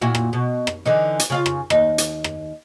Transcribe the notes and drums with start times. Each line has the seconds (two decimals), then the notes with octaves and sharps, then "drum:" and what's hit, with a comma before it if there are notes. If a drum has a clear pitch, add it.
0.01 A#2 E4 F#4
0.15 drum: rim click
0.33 B2
0.67 drum: rim click
0.86 D3 E3 D#4
1.19 drum: hi-hat
1.30 C#3 F4 F5
1.46 drum: rim click
1.70 D#2 D#4, drum: rim click
1.98 drum: hi-hat
2.24 drum: rim click